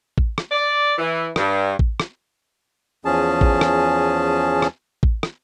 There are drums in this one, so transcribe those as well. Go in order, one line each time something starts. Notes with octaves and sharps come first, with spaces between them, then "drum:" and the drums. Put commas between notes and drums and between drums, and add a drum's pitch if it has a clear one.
drum: kick
drum: rim click
D5
E3
G2, drum: rim click
drum: kick
drum: rim click
E2 F3 C#4 G#4 A5
drum: kick
drum: rim click
drum: rim click
drum: kick
drum: rim click